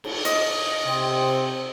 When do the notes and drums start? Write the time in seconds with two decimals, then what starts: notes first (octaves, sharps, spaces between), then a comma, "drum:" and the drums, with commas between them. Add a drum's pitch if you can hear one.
0.04 drum: cymbal
0.25 D#5, drum: hi-hat
0.84 C3 C4